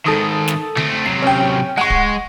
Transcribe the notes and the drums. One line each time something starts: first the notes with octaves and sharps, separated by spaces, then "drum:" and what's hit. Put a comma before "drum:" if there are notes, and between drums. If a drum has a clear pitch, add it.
G#2 D#3 A4 D#6
drum: snare
A3 C4, drum: tom D3
C3 F#3 C7
C#4 G5
G#3 F#5 C#6
drum: kick D1